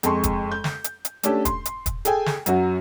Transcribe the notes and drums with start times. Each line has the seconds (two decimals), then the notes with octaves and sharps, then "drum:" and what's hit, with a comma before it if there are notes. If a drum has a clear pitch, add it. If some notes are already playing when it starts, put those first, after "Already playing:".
0.03 F2 G#3 A5 C6 C#6, drum: hi-hat
0.23 drum: kick, hi-hat
0.51 G6
0.64 drum: snare
0.84 drum: hi-hat
1.05 drum: hi-hat
1.23 A3 C#4 D4 G4 A4, drum: hi-hat
1.45 C6, drum: kick, hi-hat
1.65 drum: hi-hat
1.86 drum: kick, hi-hat
2.05 G#4 A4 G5 G#5, drum: hi-hat
2.26 drum: snare
2.46 F#2 F#3 F#4, drum: hi-hat